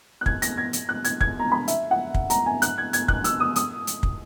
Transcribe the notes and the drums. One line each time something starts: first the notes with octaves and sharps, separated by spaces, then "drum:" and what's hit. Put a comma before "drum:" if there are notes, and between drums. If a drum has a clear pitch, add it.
F#6
G#6, drum: kick
A#6, drum: hi-hat
G#6
drum: hi-hat
F#6
G#6, drum: hi-hat
G#6, drum: kick
A#5
B5
E5, drum: hi-hat
F#5
drum: kick
A#5, drum: hi-hat
G#5
F#6, drum: hi-hat
G#6
G#6, drum: hi-hat
F#6, drum: kick
E6, drum: hi-hat
D#6
D#6, drum: hi-hat
drum: hi-hat
drum: kick